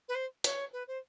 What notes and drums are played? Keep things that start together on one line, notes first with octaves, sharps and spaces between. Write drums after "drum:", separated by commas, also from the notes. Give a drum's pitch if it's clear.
B4
C5
C#5, drum: hi-hat
B4
C5